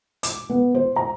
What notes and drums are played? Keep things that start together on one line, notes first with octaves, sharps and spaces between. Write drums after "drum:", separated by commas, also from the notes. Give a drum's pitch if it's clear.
D6, drum: hi-hat
B3
C5
A#5